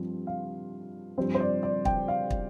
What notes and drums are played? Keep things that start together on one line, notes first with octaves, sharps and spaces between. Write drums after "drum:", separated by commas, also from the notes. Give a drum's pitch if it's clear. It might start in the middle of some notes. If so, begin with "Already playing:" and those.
Already playing: G2 F3 C4
F5
G2 F3 C4 C5
C5
D5
D5
G5, drum: kick
F5
drum: kick